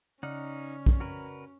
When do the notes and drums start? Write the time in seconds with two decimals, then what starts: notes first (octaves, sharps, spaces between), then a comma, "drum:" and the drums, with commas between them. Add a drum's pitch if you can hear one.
0.23 C#3 C#4 D#4 D5 F#5 F6
0.86 drum: kick
1.00 F#4 A#4 B4